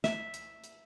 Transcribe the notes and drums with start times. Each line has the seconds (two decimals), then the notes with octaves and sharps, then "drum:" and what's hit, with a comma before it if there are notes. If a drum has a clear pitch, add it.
0.04 E5, drum: snare
0.34 drum: hi-hat
0.64 drum: hi-hat